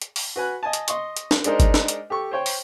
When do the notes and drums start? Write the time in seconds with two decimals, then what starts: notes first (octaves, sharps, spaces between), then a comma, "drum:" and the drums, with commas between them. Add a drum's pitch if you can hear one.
0.02 drum: hi-hat
0.16 drum: open hi-hat
0.36 F#4 B4 G#5 F#6
0.63 D#5 G#5 A5
0.73 drum: hi-hat
0.88 D#5 C6 C#6, drum: hi-hat
1.17 drum: hi-hat
1.31 drum: snare
1.44 G#3 D4 D#4 A#4 C5, drum: hi-hat
1.60 drum: kick G1, hi-hat
1.74 drum: snare
1.88 drum: hi-hat
2.10 G4 A4 C#6
2.31 C5 C#5 G5
2.46 drum: open hi-hat